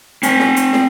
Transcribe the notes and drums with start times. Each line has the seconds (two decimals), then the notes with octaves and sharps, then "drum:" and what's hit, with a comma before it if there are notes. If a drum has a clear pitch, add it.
0.23 C4 G#5, drum: hi-hat
0.40 drum: snare
0.56 drum: hi-hat
0.73 drum: snare